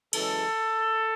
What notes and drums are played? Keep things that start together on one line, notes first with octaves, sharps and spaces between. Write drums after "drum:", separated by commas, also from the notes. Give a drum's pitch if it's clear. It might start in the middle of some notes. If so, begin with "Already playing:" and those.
F#2 C#3 E3 G#3 A4, drum: cymbal